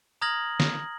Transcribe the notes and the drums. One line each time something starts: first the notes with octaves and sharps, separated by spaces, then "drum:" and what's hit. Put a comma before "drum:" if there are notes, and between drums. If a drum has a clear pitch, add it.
A#5 D#6 F6 G#6 A#6 F#7
drum: snare